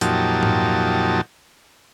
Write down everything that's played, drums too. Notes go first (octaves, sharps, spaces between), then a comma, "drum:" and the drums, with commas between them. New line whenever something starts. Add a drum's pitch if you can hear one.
F2 A#2 F#3 D#4 G4 A5, drum: hi-hat
drum: tom G#2